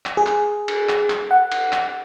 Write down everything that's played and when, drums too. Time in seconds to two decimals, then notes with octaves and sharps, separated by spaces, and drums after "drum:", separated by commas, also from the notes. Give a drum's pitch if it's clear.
0.06 drum: clap
0.17 G#4
0.26 drum: clap
0.68 drum: cymbal
0.89 drum: clap
1.10 drum: clap
1.31 F#5
1.52 drum: cymbal
1.72 drum: clap